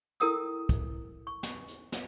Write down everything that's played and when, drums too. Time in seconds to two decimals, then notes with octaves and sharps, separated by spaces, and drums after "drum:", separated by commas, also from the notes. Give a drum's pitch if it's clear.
0.20 E4 A4 A#4 G5 D#6 E6, drum: hi-hat
0.69 drum: kick, hi-hat
1.27 C#6
1.43 drum: snare
1.68 drum: hi-hat
1.92 drum: snare